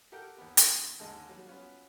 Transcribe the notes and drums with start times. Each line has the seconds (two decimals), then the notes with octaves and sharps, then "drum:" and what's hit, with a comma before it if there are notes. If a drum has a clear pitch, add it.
0.12 G4 A4 A#4 F#5 G5
0.38 D#2 B3
0.57 drum: hi-hat
0.99 D#2 D3 G#3 D#5 A5
1.29 F#3 G3
1.47 B3 C#4 F4